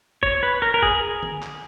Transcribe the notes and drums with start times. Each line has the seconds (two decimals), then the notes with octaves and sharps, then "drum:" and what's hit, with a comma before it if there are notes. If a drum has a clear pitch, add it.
0.23 C#5, drum: kick G1
0.43 B4
0.62 A#4
0.74 A#4
0.82 G#4, drum: kick G1
1.23 drum: tom D3
1.43 drum: clap